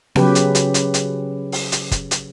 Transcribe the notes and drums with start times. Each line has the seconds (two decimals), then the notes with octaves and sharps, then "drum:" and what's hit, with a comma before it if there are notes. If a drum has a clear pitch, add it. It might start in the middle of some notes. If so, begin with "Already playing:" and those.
0.16 C#3 F#3 G4 B4, drum: snare B3
0.35 drum: hi-hat
0.55 drum: hi-hat
0.74 drum: hi-hat
0.94 drum: hi-hat
1.52 drum: open hi-hat
1.72 drum: hi-hat
1.91 drum: kick, hi-hat
2.11 drum: hi-hat